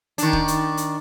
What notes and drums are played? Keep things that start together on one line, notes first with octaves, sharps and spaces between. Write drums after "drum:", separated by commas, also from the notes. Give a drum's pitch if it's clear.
D#3 D4, drum: hi-hat
drum: kick
drum: hi-hat
drum: hi-hat